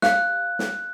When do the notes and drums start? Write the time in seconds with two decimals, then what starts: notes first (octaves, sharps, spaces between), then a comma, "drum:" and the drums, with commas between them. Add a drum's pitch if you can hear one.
0.02 G4 F5 F#6, drum: snare
0.59 drum: snare